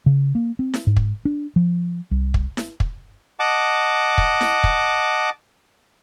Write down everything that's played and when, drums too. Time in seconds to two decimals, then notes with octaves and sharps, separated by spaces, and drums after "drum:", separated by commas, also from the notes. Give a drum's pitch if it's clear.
0.06 C#3
0.35 A#3
0.59 C4
0.74 drum: snare E4
0.87 G#2
0.96 drum: kick
1.25 D4
1.56 F3
2.11 C2
2.34 drum: kick
2.57 drum: snare E4
2.80 drum: kick
3.40 D#5 F#5 A5 D6
4.18 drum: kick
4.41 drum: snare E4
4.64 drum: kick